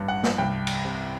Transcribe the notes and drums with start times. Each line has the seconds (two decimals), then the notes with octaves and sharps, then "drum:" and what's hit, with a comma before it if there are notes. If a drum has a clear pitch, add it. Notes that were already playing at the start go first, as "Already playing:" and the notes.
Already playing: A1 G2
0.08 F#5
0.23 drum: snare
0.38 C2 G5
0.67 drum: cymbal
0.85 C3